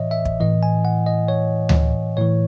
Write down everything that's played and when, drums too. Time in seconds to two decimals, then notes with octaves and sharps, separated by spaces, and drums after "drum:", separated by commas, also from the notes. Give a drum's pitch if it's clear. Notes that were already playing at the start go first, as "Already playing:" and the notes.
Already playing: A2 E3 C#5 D#5 E5
0.11 E5
0.25 drum: kick
0.40 A2 E3 D#5
0.63 G#5
0.85 F#5
1.06 D#5
1.28 C#5
1.69 drum: tom D2
2.17 A2 E3 C#5